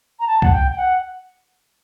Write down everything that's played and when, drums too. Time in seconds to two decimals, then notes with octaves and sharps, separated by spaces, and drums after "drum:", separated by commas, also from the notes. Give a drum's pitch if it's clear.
0.20 A#5
0.27 A5
0.42 F#5, drum: kick
0.51 G5
0.72 G5
0.77 F#5